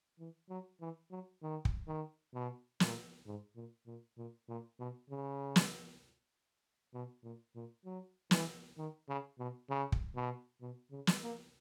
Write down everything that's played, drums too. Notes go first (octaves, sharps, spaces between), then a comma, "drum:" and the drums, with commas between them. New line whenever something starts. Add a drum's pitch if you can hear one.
E3
F#3
E3
F#3
D#3
drum: kick
D#3
B2
A#2, drum: snare
G#2
A#2
A#2
A#2
A#2
B2
C#3
drum: snare
B2
A#2
A#2
F#3
E3, drum: snare
D#3
C#3
B2
C#3
drum: kick
B2
B2
C#3
drum: snare
A#3